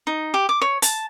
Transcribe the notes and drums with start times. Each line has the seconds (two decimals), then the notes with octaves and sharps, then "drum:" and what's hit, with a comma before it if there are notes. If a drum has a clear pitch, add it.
0.07 D#4
0.34 G4
0.49 D6
0.62 C#5
0.82 A5, drum: hi-hat